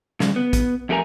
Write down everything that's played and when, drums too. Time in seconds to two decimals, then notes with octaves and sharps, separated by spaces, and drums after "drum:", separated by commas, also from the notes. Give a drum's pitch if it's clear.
0.20 C#3 G3 G#3, drum: snare
0.36 B3
0.53 drum: kick, hi-hat
0.89 F2 A3 G4 A#4 G#5 A#5